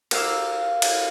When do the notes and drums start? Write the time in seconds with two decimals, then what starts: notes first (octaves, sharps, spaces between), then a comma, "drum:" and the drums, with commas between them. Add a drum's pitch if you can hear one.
0.11 A#4 F5 D6 E6, drum: cymbal
0.82 drum: cymbal